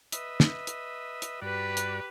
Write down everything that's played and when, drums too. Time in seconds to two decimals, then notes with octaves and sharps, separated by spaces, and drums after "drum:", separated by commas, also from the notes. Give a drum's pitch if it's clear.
0.12 B4 D#5 E5, drum: hi-hat
0.40 drum: snare
0.67 drum: hi-hat
1.22 drum: hi-hat
1.42 G2 F#4 G4 B4 D5
1.77 drum: hi-hat